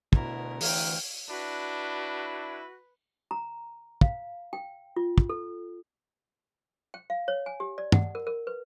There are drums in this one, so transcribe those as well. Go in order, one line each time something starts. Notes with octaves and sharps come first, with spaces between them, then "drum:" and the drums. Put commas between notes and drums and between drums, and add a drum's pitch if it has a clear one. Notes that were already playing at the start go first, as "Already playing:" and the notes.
D2 B2 E4 A#4, drum: kick
D2 E3 F5 G5, drum: open hi-hat
D4 E4 F#4 B4
A#5
F5, drum: kick
G5
F4
drum: kick
A4
G5
F5
C#5
G#5
G4
D5
F#5, drum: tom
A#4
A#4
B4